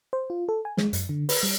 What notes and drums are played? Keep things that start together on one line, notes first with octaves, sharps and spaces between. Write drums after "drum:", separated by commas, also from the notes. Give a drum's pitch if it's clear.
C5
F4
A4
G#5
G#3, drum: snare
F#2, drum: hi-hat
D3
B4, drum: open hi-hat
G3